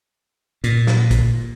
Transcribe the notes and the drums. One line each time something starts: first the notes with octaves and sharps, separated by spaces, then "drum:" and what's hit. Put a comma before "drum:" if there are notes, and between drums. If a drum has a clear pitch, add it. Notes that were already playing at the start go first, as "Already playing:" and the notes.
A#2, drum: hi-hat
drum: snare
drum: kick, hi-hat